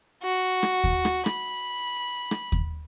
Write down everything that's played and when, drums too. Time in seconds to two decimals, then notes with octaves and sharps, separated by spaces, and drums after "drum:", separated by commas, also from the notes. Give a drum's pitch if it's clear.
0.23 F#4
0.63 drum: rim click
0.84 drum: kick
1.05 drum: rim click
1.26 B5, drum: rim click
2.31 drum: rim click
2.52 drum: kick